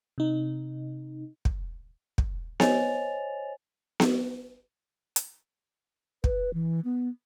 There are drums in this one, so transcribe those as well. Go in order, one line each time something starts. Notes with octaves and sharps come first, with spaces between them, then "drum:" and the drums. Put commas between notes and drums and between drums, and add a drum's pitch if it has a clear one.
C3 D#4
drum: kick
drum: kick
C5 C#5 D#5 G#5 A6 F7, drum: snare B3
drum: snare B3
drum: hi-hat
B4, drum: kick
E3
B3